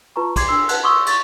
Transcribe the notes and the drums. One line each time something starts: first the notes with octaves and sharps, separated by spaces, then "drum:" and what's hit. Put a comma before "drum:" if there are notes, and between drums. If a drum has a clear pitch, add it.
F4 B4 A5 A#5 C#6
C6 D6 G#6 C7, drum: kick, cymbal
D4 C6 E6 C7
B4 F#5 A5 F#6, drum: cymbal
C6 C#6 D#6 E6 G7
C#6 A6, drum: cymbal